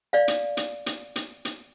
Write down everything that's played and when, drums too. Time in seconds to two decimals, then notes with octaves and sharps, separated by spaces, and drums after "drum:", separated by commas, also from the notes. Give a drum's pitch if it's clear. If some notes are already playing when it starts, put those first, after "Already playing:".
0.13 D5 F5
0.28 drum: hi-hat
0.57 drum: hi-hat
0.86 drum: hi-hat
1.16 drum: hi-hat
1.45 drum: hi-hat